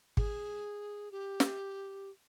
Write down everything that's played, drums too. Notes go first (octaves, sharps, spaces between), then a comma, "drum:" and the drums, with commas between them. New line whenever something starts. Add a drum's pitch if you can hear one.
G#4, drum: kick G#1
G4
drum: snare